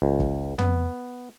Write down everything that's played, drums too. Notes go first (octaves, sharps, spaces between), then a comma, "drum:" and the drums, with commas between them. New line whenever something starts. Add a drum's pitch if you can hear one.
C#2
drum: kick
B3, drum: tom